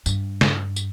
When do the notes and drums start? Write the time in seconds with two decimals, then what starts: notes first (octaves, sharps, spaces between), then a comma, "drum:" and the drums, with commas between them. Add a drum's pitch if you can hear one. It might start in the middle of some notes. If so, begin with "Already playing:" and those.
0.06 G2, drum: tambourine
0.41 drum: snare
0.76 drum: tambourine